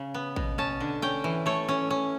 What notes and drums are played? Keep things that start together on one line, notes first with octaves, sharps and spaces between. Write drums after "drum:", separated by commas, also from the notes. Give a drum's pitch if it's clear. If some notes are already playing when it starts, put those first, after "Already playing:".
Already playing: C#3 C#4
B3
B2, drum: kick A1
C#4 A5
D3
C#4 G5
E3
A3 C#5
C#4
C#4